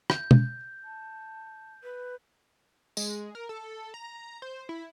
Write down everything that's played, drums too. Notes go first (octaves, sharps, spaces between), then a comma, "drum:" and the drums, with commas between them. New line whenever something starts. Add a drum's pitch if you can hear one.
G6, drum: rim click
drum: tom B2
A5
B4
G#3, drum: tambourine
A#4
A4
A#5
C5
E4